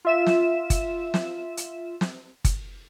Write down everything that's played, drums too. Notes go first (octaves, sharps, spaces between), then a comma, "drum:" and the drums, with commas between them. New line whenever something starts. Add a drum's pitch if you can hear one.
F4 E5 E7
drum: snare
drum: kick, hi-hat
drum: snare
drum: hi-hat
drum: snare
drum: kick, hi-hat